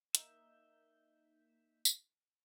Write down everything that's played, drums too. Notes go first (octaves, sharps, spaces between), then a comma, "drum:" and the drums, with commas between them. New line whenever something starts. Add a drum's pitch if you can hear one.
A#3 D#4 E5 G6, drum: hi-hat
drum: tambourine